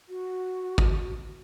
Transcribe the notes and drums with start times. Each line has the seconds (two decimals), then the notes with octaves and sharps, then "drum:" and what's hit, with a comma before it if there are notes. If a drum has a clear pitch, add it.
0.09 F#4
0.78 drum: kick